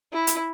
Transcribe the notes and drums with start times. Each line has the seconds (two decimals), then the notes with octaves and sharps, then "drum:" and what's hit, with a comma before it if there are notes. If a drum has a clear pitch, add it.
0.12 E4
0.27 drum: hi-hat